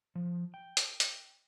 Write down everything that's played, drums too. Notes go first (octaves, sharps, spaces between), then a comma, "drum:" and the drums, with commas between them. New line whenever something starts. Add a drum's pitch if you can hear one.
F3
G5
drum: hi-hat
drum: hi-hat